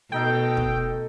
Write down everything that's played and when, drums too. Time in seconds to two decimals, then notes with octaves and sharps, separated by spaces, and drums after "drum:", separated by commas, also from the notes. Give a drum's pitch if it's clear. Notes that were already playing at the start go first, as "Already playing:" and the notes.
0.12 B2 A3 D#4 A4 G5
0.57 drum: kick